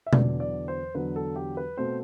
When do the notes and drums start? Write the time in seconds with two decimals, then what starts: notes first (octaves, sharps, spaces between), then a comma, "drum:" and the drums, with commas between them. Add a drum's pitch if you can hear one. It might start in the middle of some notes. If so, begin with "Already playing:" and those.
0.06 E5
0.13 E2 D3 F#3 D5, drum: tom B2
0.40 D5
0.68 C5
0.94 E2 D3 F#3 B4
1.16 A4
1.36 G4
1.57 B4
1.77 B2 A3 C4 C5